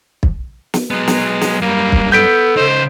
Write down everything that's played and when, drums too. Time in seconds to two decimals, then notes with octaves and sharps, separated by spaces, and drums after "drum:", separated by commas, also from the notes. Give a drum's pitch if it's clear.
0.23 drum: kick
0.74 drum: snare
0.91 F#3 G#3 B3
1.08 drum: snare
1.41 drum: snare
1.62 F#2 G3 A#3
1.92 drum: kick
2.12 B3 A4 G6 B6 D7
2.57 C#3 D#4 C5